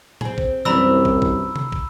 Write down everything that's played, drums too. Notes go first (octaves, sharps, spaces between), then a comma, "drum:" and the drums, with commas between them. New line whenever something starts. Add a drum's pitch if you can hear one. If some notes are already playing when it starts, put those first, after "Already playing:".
C4 G#4, drum: tom A2
drum: kick
C2 F#2 E3 C4 D4 A#5 B5 E6
drum: kick
drum: kick
drum: tom C3
drum: kick